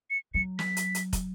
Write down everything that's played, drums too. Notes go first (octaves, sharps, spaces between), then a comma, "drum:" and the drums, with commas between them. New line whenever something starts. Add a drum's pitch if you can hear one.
C#7
F#3 C#7
B6, drum: snare
drum: hi-hat
drum: hi-hat
drum: kick, hi-hat